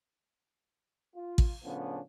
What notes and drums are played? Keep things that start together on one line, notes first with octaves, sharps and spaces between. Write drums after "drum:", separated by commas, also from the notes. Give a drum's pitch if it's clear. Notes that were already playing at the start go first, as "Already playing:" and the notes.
F4
drum: kick A1
A2 C#3 F3 B3 C#4 D4